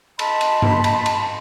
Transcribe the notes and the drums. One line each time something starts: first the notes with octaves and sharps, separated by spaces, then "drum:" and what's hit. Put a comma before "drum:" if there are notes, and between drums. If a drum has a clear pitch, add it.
D#5 A5 B5 C6, drum: cymbal
drum: cymbal
drum: tom G2
drum: cymbal
drum: cymbal